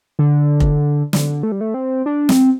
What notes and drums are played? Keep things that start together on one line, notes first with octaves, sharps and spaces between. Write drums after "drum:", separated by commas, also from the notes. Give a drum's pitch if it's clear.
D3
drum: kick F1
D3, drum: snare
A3
G3
A3
C4
D4
C4, drum: snare